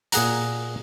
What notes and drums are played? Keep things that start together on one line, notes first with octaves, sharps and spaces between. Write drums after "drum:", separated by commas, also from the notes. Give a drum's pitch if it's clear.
A#2 G#4 F#5 A#5, drum: hi-hat